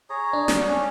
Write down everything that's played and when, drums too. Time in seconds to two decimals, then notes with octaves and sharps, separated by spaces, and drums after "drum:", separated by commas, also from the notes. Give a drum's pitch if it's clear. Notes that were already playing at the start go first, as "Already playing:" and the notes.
0.10 G#4 C#5 A#5
0.33 D4
0.48 F#4, drum: snare
0.67 C#4 D4